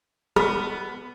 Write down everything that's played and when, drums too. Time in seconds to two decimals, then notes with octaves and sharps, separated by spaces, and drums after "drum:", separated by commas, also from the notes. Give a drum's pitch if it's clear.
0.36 B3, drum: rim click